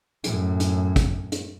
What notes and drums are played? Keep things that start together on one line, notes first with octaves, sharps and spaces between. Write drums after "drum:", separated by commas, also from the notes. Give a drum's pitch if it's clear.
F#2 A2, drum: hi-hat
drum: hi-hat
drum: kick, hi-hat
drum: hi-hat